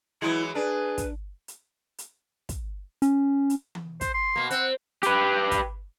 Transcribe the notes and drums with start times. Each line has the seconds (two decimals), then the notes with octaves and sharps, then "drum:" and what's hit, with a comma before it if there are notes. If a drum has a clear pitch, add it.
0.22 E3 F#3 G#3 E4
0.55 D4 G#4 B4
0.98 drum: kick, hi-hat
1.48 drum: hi-hat
1.98 drum: hi-hat
2.49 drum: kick, hi-hat
3.02 C#4, drum: hi-hat
3.50 drum: hi-hat
3.75 drum: tom E3
4.01 C5, drum: kick, hi-hat
4.14 C6
4.36 B2 A#3
4.50 C4 F#5, drum: hi-hat
5.03 G4 B4, drum: hi-hat
5.51 drum: kick, hi-hat